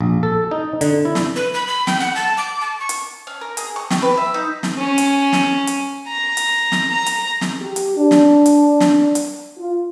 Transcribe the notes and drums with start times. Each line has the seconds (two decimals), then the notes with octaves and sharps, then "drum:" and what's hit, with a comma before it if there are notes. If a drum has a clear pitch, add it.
0.01 A#1
0.23 A4
0.51 D#4
0.81 D3, drum: hi-hat
1.05 E4
1.15 drum: snare
1.36 B4
1.54 B5
1.67 B5
1.87 G5, drum: snare
2.00 F#5
2.15 A5
2.37 D6
2.61 A5
2.80 C#6
2.89 drum: hi-hat
3.27 C#4
3.41 A#4
3.57 G#4, drum: hi-hat
3.76 C#6
3.90 G4, drum: snare
4.02 B4
4.17 E5
4.34 D#4
4.63 drum: snare
4.78 C#4
4.98 drum: hi-hat
5.33 drum: snare
5.67 drum: hi-hat
6.08 A#5
6.37 drum: hi-hat
6.72 drum: snare
6.91 A#5
7.06 drum: hi-hat
7.41 drum: snare
7.61 G4
7.76 drum: hi-hat
7.97 D4
8.11 drum: snare
8.46 drum: hi-hat
8.80 drum: snare
9.15 drum: hi-hat
9.57 F4